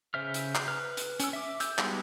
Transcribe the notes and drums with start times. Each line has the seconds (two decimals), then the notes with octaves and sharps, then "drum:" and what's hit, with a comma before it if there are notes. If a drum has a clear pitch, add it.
0.14 C#3 C5 E5 F6
0.34 drum: hi-hat
0.55 drum: clap
0.68 B4 F6
0.97 drum: hi-hat
1.20 C#4 E6, drum: hi-hat
1.33 E5 D6
1.60 E6 G6, drum: hi-hat
1.79 G3 G#3 B3 D#4 F#4, drum: clap